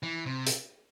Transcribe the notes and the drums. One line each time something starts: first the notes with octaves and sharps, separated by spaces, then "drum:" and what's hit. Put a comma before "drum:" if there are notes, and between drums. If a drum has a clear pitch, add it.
E3
C3
drum: hi-hat